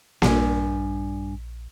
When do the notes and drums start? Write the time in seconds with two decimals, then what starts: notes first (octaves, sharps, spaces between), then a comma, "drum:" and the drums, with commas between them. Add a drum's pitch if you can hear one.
0.22 A#1 G2 D4 G#5, drum: snare A#3